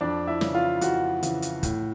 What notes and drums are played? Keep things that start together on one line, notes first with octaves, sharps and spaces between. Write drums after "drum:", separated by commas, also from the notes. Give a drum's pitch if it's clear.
F2 D4 D5
E4 E5
C#3 E3, drum: snare
F4 F5
F2 F#4 F#5, drum: hi-hat
C#3 E3, drum: hi-hat
drum: hi-hat
A2, drum: kick, hi-hat